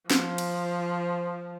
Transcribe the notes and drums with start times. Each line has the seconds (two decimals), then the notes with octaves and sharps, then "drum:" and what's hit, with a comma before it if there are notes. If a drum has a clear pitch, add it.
0.10 F3, drum: snare
0.38 drum: cymbal